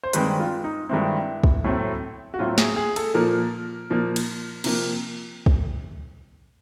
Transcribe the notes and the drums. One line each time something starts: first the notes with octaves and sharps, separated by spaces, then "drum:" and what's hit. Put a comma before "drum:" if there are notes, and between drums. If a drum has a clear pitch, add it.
C5
G2 D#3 G#3 C4 B4, drum: hi-hat
F4
D#4
G2 D#3 G#3 C4 E4
drum: kick
A2 F#3 A3 C4
F#4
A2 F#3 A3 C4 F4
G#4, drum: snare
G#4
A4, drum: cymbal
A#2 F3 A#3 A#4
A#2 F3 A#3
drum: cymbal
C3 F3 A#3, drum: cymbal
drum: kick